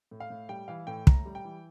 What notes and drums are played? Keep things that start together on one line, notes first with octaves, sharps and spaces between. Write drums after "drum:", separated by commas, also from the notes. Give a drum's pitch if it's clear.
A2
F5
A2
G3 G5
E3 F5
A2 G5
A2 A#5, drum: kick
G3
G5
E3